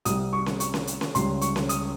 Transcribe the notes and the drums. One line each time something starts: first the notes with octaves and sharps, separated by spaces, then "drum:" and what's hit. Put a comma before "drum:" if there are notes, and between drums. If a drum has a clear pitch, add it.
C2 C3 G3 D#6, drum: hi-hat
C#6
drum: snare C#4
C#6, drum: hi-hat
drum: snare C#4
drum: hi-hat
drum: snare C#4
C#2 C#3 G3 C6, drum: hi-hat
C#6, drum: hi-hat
drum: snare C#4
D#6, drum: hi-hat